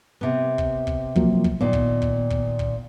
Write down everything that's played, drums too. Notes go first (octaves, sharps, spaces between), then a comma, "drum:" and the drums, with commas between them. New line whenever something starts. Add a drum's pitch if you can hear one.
C3 B3
drum: kick
drum: kick
F3 F#3 A#3, drum: kick
drum: kick
A#2 D#3 B3
drum: kick
drum: kick
drum: kick
drum: kick